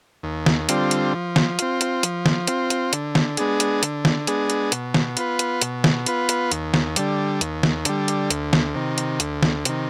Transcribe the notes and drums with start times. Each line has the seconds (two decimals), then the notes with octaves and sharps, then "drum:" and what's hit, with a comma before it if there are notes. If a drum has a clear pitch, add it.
0.23 D#2
0.46 drum: snare
0.69 D3 G3 C4 F4, drum: hi-hat
0.91 drum: hi-hat
1.14 F3
1.36 drum: snare
1.59 C4 F4, drum: hi-hat
1.81 drum: hi-hat
2.03 F3, drum: hi-hat
2.26 drum: snare
2.47 C4 F4, drum: hi-hat
2.70 drum: hi-hat
2.93 D3, drum: hi-hat
3.15 drum: snare
3.37 G#3 B3 D4 G#4, drum: hi-hat
3.60 drum: hi-hat
3.83 D3, drum: hi-hat
4.05 drum: snare
4.27 G#3 B3 D4 G#4, drum: hi-hat
4.50 drum: hi-hat
4.72 B2, drum: hi-hat
4.94 drum: snare
5.17 B3 F4 B4, drum: hi-hat
5.39 drum: hi-hat
5.62 B2, drum: hi-hat
5.84 drum: snare
6.06 B3 F4 B4, drum: hi-hat
6.29 drum: hi-hat
6.51 D#2, drum: hi-hat
6.74 drum: snare
6.96 D3 G3, drum: hi-hat
7.41 D#2, drum: hi-hat
7.63 drum: snare
7.85 D3 G3, drum: hi-hat
8.08 drum: hi-hat
8.30 D2, drum: hi-hat
8.53 drum: snare
8.75 C3 D#3
8.98 drum: hi-hat
9.20 D2, drum: hi-hat
9.43 drum: snare
9.65 C3 D#3, drum: hi-hat